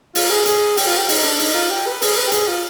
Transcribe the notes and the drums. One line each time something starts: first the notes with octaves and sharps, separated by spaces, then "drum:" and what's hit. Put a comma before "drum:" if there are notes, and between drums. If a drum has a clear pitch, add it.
F4, drum: open hi-hat
G#4
G#4, drum: hi-hat
G4, drum: open hi-hat
F4
G4
D#4, drum: open hi-hat
D4
D#4, drum: open hi-hat
F4
G4
B4
G#4, drum: open hi-hat
B4
G4
G#4, drum: hi-hat
F4